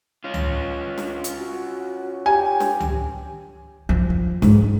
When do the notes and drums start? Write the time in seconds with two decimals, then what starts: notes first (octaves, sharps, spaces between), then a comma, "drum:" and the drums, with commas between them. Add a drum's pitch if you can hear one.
0.24 C#4 F4
0.34 drum: tom C#2
0.98 drum: snare
1.24 drum: hi-hat
1.39 F#4
2.26 G4 G#5
2.60 drum: snare
2.80 drum: tom C#2
3.89 F3
4.10 drum: kick
4.42 G#2, drum: snare